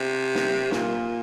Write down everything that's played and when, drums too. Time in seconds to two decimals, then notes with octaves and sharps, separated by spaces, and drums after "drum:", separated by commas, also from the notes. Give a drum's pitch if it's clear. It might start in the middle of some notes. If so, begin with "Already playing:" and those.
Already playing: C3
0.35 drum: snare
0.71 A#2, drum: snare